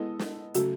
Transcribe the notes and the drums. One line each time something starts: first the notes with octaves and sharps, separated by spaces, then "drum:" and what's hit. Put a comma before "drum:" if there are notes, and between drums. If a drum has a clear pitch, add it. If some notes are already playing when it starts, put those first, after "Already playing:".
Already playing: G#3 B3 E4 A4 D#5
drum: snare
C#3 F#3 A3 F#4, drum: hi-hat